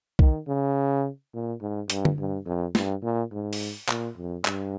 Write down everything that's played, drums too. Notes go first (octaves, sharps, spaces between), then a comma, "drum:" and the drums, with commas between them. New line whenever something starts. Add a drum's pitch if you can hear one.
D#3, drum: kick B1
C#3
A#2
G#2
G2, drum: hi-hat
drum: tom
G2
F2
G2, drum: snare
A#2
G#2
drum: open hi-hat
A#2, drum: clap
F2
G2, drum: clap